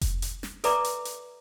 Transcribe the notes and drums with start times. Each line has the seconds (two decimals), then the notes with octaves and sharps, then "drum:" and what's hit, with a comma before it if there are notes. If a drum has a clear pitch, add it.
0.01 drum: kick F1, hi-hat
0.22 drum: hi-hat
0.43 drum: snare
0.64 A4 B4 D5 E5 A#5 D6, drum: hi-hat
0.85 drum: hi-hat
1.05 drum: hi-hat